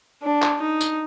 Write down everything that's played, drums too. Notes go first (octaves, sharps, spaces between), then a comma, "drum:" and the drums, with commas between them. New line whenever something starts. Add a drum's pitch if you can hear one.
D4
drum: clap
D#4
drum: tambourine